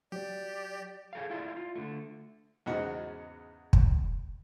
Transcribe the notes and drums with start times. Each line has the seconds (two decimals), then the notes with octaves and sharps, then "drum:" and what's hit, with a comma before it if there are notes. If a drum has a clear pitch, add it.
0.12 F#3 G4 D5
1.13 G#4 A4 F5
1.30 E4 F4 D5 E5
1.56 F4
1.75 D3 A3
2.66 E2 G#2 C#3 D#4 F#4
3.73 drum: kick